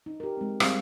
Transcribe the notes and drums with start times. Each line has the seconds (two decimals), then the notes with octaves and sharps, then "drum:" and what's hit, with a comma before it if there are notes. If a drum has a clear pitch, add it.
0.06 D#4
0.20 G4 A#4
0.37 G#3 C4
0.60 G3 C4 G#4 F5, drum: rim click